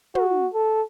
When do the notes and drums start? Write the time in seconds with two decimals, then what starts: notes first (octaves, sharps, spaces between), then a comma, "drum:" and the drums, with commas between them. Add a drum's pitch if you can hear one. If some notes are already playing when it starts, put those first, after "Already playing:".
0.15 F#4, drum: tom
0.54 A4